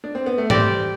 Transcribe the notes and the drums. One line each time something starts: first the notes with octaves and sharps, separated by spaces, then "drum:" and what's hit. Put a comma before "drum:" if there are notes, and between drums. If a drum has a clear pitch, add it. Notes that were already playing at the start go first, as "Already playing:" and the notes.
D4
C4
B3
A3
G3 C4 G4 D5, drum: tom G#2